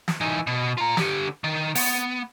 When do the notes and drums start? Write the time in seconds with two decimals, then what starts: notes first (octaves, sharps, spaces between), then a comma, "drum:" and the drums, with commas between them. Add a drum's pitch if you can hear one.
0.08 drum: snare
0.21 E3 D#4
0.47 B2
0.78 F4 A#5
0.97 D3 G4, drum: snare
1.44 D#3
1.75 B3, drum: open hi-hat